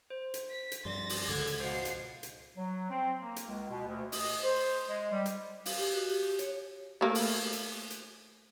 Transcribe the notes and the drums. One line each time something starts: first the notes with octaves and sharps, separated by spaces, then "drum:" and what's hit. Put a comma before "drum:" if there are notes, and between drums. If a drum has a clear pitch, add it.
C5
drum: hi-hat
B6
drum: hi-hat
G2 F3 D5 C6 A6 A#6
drum: open hi-hat
C#2 G#2 D3 G#3 D6 G#6 A6
drum: hi-hat
B2 C5 F5 F#5 C7
drum: hi-hat
drum: hi-hat
F#3
C4
A#3
drum: hi-hat
C#2
B2
D2
D#5, drum: open hi-hat
C5
G#3
G3
drum: hi-hat
F5, drum: open hi-hat
G4
F#4
G4
C#5, drum: hi-hat
A3 A#3
drum: open hi-hat
drum: hi-hat
drum: hi-hat